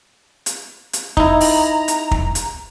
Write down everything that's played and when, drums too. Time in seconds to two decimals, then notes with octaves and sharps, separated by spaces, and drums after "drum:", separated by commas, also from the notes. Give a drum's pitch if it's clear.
0.46 drum: hi-hat
0.93 drum: hi-hat
1.17 D#4 E4 A#5, drum: kick
1.41 drum: open hi-hat
1.88 drum: hi-hat
2.11 drum: kick
2.35 drum: hi-hat